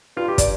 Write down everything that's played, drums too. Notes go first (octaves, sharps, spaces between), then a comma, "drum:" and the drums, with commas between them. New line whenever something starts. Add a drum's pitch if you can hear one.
G2 F4
G4
D5, drum: kick, hi-hat